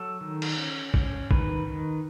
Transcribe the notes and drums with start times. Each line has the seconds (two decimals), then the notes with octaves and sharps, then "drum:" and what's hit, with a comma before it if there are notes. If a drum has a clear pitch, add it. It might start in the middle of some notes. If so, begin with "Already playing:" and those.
Already playing: F#3 A4
0.21 D#3
0.42 drum: cymbal
0.58 C#4
0.94 C#4, drum: kick
1.31 D#3 B4, drum: kick
1.67 D#3